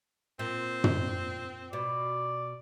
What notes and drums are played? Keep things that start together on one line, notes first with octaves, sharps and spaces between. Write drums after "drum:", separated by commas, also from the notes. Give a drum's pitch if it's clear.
A#2 C4
drum: tom
B2 D5